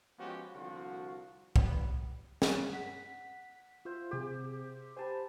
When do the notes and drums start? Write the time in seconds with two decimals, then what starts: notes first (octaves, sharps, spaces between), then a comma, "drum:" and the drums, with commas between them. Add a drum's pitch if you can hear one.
0.19 F3 G#3 B3 C#4 F#4 G4
0.53 C2 D3 F3 F4 F#4
1.56 G3 B3, drum: kick C2
2.42 drum: snare
2.73 F#5 B6
3.85 F4 C5 E5
4.11 C3 G4 G#4
4.97 G4 C5 G#5 A5 B5